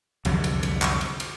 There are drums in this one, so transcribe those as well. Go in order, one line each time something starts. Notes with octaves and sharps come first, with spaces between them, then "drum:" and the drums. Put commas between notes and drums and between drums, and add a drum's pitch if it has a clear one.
C2 F2 D3 F#3, drum: cymbal
drum: cymbal
drum: cymbal
drum: clap
drum: cymbal
drum: cymbal